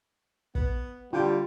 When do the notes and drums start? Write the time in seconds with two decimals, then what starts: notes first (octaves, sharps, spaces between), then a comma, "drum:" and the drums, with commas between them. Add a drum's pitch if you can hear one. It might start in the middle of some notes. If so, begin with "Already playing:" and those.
0.55 B3, drum: kick
1.13 D3 G3 F4 G5